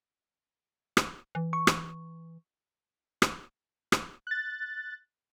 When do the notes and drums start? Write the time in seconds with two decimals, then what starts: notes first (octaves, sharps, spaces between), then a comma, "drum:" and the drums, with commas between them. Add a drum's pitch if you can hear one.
0.97 drum: rim click
1.35 E3
1.53 C#6
1.67 drum: rim click
3.22 drum: rim click
3.92 drum: rim click
4.27 F#6 A6